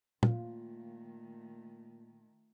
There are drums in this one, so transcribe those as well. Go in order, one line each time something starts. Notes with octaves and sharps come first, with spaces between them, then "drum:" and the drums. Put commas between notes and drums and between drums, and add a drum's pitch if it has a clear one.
A#2 D#3 A3 F4, drum: tom